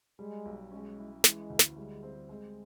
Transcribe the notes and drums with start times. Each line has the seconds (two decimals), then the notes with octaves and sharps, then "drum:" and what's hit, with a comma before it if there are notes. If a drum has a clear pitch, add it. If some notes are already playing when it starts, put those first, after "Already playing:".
0.19 G3 G#3
0.45 B1
0.71 G#3 C#4
0.98 E4
1.24 E3 G#3, drum: snare
1.50 D2
1.59 drum: snare
1.76 G3 G#3
2.03 C4
2.29 G#3 C4